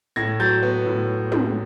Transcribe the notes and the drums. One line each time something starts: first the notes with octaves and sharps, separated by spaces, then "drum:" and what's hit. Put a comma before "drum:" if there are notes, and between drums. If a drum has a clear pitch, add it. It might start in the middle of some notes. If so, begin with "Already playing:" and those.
A2 G#6 A#6
F#3 G6 A6
B3
A2
drum: tom